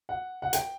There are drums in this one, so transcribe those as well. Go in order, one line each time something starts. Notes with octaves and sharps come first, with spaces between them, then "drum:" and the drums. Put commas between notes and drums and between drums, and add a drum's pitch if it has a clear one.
F#5
F#5
G5, drum: hi-hat